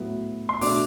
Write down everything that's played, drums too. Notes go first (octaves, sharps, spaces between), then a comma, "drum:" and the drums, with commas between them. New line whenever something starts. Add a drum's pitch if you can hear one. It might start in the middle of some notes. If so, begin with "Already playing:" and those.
Already playing: A2 F#3 B3
C6
B2 A3 D4 D6, drum: open hi-hat